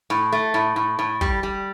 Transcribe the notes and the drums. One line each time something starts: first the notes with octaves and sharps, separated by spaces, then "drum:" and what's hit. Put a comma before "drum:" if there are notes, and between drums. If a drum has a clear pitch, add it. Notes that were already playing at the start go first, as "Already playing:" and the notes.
A2
A3
A2
A2
A2
G3, drum: kick
G3